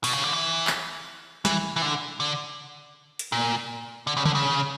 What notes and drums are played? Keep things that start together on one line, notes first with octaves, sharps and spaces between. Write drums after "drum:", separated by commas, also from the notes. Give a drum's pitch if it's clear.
B2, drum: open hi-hat
C#3
D3
E3
drum: clap
E3, drum: snare
E3
D3
D3
drum: hi-hat
A#2
D3
C#3
D3, drum: tom C#3
C#3